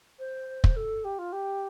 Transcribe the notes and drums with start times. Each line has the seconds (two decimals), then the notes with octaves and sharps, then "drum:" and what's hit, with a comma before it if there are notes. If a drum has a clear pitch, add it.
0.19 C5
0.64 drum: kick
0.76 A4
1.04 G4
1.19 F4
1.32 G4